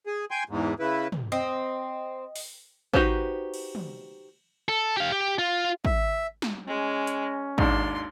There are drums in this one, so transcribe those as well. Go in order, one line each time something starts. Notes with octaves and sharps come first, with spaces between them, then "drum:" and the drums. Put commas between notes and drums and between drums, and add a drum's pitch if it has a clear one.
G#4
G5 G#5 C6
E2 G#2
C#3 E4 B4
drum: tom
C4 D#5
drum: open hi-hat
D#4 F#4 G4 B4 C5, drum: kick
drum: cymbal
drum: tom
A4
G4 F5
G4
F4
E5, drum: kick
drum: snare
G#3 C#4
drum: hi-hat
G#1 D#2 D4 C6, drum: kick